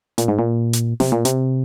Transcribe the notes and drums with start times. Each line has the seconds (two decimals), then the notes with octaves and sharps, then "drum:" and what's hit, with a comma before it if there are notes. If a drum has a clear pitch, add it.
0.18 A#2, drum: hi-hat
0.28 G#2
0.39 A#2
0.73 drum: hi-hat
1.00 C3, drum: snare
1.12 A#2
1.25 C3, drum: hi-hat